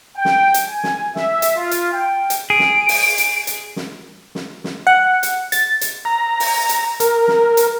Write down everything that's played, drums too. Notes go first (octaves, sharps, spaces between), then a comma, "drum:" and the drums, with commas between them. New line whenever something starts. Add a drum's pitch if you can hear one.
G5
drum: snare
drum: hi-hat
G#5
drum: snare
E5, drum: snare
drum: hi-hat
F4
drum: hi-hat
G5
drum: hi-hat
G#4 D7
drum: snare
drum: open hi-hat
drum: hi-hat
drum: hi-hat
drum: snare
drum: snare
drum: snare
F#5
drum: hi-hat
A6, drum: hi-hat
drum: hi-hat
A#5
drum: open hi-hat
drum: hi-hat
A#4, drum: hi-hat
drum: snare
drum: hi-hat